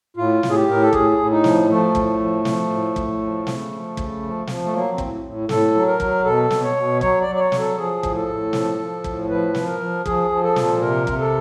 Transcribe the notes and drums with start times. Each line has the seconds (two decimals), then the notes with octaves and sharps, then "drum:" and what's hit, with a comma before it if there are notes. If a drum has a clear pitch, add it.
0.17 A2 F4
0.43 A2, drum: snare
0.50 G#4
0.55 G4
0.68 A2 A#4
0.82 A4
0.93 A2 G#4, drum: kick
1.18 A2
1.31 D#4
1.44 F3, drum: snare
1.69 F3 A3
1.95 A2, drum: kick
2.20 F3
2.45 F3, drum: snare
2.71 A2
2.96 A2, drum: kick
3.21 F3
3.47 C#3, drum: snare
3.72 F3
3.97 C#3, drum: kick
4.22 F3
4.47 F3, drum: snare
4.65 A3
4.73 F#3 A#3
4.92 C4
4.98 A2, drum: kick
5.24 A2
5.49 A2 A4, drum: snare
5.75 F#3
5.88 A#4
6.00 F#3, drum: kick
6.25 B2 A4
6.50 B2, drum: snare
6.64 C#5
6.76 B2
7.01 F#3 C#5, drum: kick
7.21 D5
7.27 F#3
7.35 D5
7.39 C#5
7.52 F#3, drum: snare
7.59 A4
7.77 F3 G#4
8.03 A2, drum: kick
8.15 A4
8.28 A2
8.53 F3, drum: snare
8.79 F3
9.04 A2, drum: kick
9.29 F3 B4
9.55 F3, drum: snare
9.67 A#4
9.80 F3
10.06 F3 G#4, drum: kick
10.31 F3
10.44 A4
10.56 A#2, drum: snare
10.81 C3 A#4
11.07 C3, drum: kick
11.20 A4